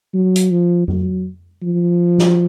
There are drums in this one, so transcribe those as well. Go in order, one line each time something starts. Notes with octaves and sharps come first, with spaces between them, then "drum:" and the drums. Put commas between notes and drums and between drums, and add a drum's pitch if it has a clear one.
F#3
drum: hi-hat
F3
F#3, drum: tom F2
F3
drum: snare